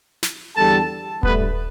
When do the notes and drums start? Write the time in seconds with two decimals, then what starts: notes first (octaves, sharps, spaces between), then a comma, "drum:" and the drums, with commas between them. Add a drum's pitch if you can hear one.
0.23 drum: snare
0.56 E2 D3 G3 A4 A5
1.23 G2 D3 A3 B3 B4, drum: kick D#1